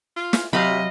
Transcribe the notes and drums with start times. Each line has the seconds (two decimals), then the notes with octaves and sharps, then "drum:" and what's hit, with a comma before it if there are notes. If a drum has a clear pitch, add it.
0.16 F4
0.33 drum: snare
0.53 C3 F#3 D#5 F5 B5